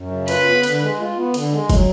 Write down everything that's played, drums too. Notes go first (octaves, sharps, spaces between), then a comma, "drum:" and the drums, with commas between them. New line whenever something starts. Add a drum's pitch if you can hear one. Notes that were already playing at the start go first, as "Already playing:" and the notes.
Already playing: F#2
C#3
F4 B4, drum: cymbal
B3
D3, drum: cymbal
G#3
F4
B3
D3, drum: cymbal
G#3
F#3, drum: kick, cymbal